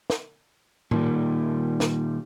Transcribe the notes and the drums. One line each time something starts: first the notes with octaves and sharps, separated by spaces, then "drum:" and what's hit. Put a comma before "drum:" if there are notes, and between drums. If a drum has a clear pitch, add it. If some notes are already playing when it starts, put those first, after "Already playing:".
drum: snare
A#2 D#3 G3, drum: tom A2
drum: snare